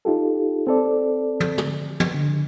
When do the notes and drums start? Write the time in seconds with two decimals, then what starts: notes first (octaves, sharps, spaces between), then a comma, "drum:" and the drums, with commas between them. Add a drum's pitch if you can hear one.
0.05 D#4 F4 G4 A4
0.67 C4 A4 D5
1.40 drum: tom
1.58 drum: tom
2.00 drum: tom
2.14 D3